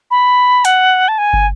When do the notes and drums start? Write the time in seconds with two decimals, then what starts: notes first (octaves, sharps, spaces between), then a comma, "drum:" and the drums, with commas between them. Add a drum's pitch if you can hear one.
0.11 B5
0.65 F#5, drum: hi-hat
1.08 A5
1.18 G#5
1.33 drum: kick